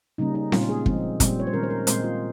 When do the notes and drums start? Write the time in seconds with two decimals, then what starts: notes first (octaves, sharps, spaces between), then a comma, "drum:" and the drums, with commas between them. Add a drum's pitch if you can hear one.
0.18 C#3 G3 A#3 C#4 D#4
0.35 D#4
0.52 A#2 G#3 C#4 F4, drum: snare C4
0.69 G#4
0.86 F3 G#3 C4 G#4, drum: kick
1.20 A#2 G3 C4, drum: kick, hi-hat
1.40 C#5
1.47 C5
1.53 D#3 G#3 C#4 A#4
1.63 C5
1.70 A#4
1.87 A#2 G#3 C4 C5, drum: hi-hat
2.04 F4